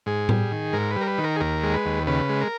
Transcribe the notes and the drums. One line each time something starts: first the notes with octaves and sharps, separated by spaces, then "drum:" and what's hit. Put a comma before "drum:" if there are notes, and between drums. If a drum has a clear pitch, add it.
G#2 G#4
G3, drum: tom A2
D#3
G#2 A#4
B4
G3 A#4
B4
D#3
A#4
G#4
D#2 A#4
G#3
B4
D#2
C#3 B4
G#3
A#4